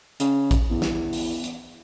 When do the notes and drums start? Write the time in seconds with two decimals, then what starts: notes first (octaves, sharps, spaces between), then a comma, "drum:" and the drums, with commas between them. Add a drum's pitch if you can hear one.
0.20 C#3, drum: hi-hat
0.51 drum: kick, hi-hat
0.70 E2
0.82 drum: snare
1.13 drum: open hi-hat
1.44 drum: hi-hat